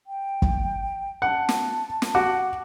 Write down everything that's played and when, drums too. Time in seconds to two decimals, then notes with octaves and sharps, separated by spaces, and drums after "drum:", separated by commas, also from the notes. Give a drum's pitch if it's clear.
0.07 G5
0.42 drum: kick
1.22 F#5 A5
1.49 drum: snare
2.02 drum: snare
2.15 F#4 F#5 D6